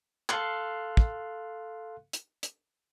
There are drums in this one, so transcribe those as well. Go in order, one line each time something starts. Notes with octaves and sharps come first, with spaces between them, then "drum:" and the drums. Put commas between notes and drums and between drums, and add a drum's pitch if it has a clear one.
A4 F5 C6 F#6, drum: clap
drum: kick
drum: hi-hat
drum: hi-hat